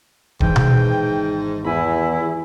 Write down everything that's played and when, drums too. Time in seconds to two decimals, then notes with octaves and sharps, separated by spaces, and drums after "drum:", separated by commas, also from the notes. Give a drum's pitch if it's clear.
0.40 G#1 G#2 E3 G5, drum: kick D#1
0.56 drum: tom B2
1.64 E2 E4 G4 G#5 B5